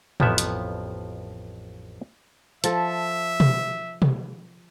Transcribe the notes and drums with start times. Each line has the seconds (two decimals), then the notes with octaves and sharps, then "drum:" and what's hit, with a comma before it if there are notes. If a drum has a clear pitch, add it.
0.20 A1 F2 F3 F#3 B3 E5, drum: tom A2
0.38 drum: hi-hat
2.64 F3 A4 E5, drum: hi-hat
3.40 drum: tom B2
4.02 drum: tom B2